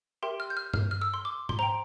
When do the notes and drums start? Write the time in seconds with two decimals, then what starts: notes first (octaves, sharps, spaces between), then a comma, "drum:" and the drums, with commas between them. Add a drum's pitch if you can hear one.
0.22 G4 A#4 E5 G5 C6
0.40 F6
0.50 G6
0.57 F6
0.74 F6, drum: tom G2
0.91 F6
1.02 E6
1.14 C6
1.25 D6
1.49 C6, drum: tom G#2
1.59 C5 G5 A#5